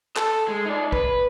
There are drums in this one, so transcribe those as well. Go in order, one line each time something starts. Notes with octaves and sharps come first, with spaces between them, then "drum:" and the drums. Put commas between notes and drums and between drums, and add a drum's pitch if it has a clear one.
A4, drum: clap
G#3
D#4 D5
B4, drum: kick